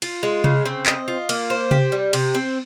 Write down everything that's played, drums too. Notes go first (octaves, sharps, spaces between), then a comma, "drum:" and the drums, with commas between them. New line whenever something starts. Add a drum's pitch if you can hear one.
F4, drum: cymbal
G#3
C#3, drum: tom C3
C4
D#5, drum: clap
F4
A#3, drum: cymbal
C5
G4, drum: tom C3
G3
C3, drum: cymbal
C4